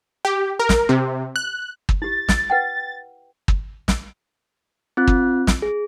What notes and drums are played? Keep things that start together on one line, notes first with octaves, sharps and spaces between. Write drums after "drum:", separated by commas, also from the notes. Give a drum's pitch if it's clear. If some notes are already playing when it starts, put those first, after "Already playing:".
G4
A#4
drum: snare
C3
F#6
drum: kick
E4 G4 A6
drum: snare
B4 F#5 G5
drum: kick
drum: snare
C4 F4 F#6
drum: kick
drum: snare
G#4